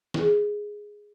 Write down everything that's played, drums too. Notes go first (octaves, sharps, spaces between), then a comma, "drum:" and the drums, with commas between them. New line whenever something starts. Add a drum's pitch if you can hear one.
E4 G#4, drum: snare